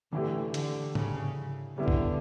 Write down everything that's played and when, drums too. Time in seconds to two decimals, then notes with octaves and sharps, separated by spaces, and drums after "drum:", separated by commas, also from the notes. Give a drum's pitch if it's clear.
0.12 D3 E3 A3 E4 G4
0.54 D3, drum: hi-hat
0.95 C#3, drum: tom G#2
1.78 D3 G3 B3 E4
1.88 drum: kick B1